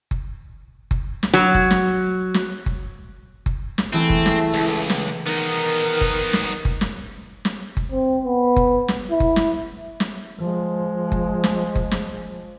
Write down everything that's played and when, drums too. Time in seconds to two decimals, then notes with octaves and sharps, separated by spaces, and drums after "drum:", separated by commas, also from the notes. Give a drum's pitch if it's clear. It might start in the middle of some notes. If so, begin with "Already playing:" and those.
0.11 drum: kick F#1
0.91 drum: kick F#1
1.23 drum: snare
1.34 F#3
1.55 drum: kick F#1
1.71 drum: snare
2.34 drum: snare
2.66 drum: kick F#1
3.46 drum: kick F#1
3.78 drum: snare
3.93 E3 A3 C4 E4 G#4 A4
4.10 drum: kick F#1
4.26 drum: snare
4.54 C#2
4.90 drum: snare
5.26 D#3 B3 D#4 A#4
6.01 drum: kick F#1
6.33 drum: snare
6.65 drum: kick F#1
6.81 drum: snare
7.45 drum: snare
7.77 drum: kick F#1
7.91 C4
8.25 B3
8.56 drum: kick F#1
8.88 drum: snare
9.10 E4
9.20 drum: kick F#1
9.36 drum: snare
10.00 drum: snare
10.41 F3 G#3
11.12 drum: kick F#1
11.44 drum: snare
11.75 drum: kick F#1
11.91 drum: snare